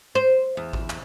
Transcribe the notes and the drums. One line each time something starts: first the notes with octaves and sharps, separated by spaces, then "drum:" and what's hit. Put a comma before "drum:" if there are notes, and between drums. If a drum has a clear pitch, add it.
C5
E2
drum: kick A1
drum: clap